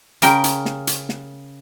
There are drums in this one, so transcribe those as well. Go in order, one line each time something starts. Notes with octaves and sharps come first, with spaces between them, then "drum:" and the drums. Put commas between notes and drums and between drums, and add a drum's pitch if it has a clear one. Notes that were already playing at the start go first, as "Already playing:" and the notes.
C#3 A#4 G5, drum: hi-hat
drum: hi-hat
drum: snare
drum: hi-hat
drum: snare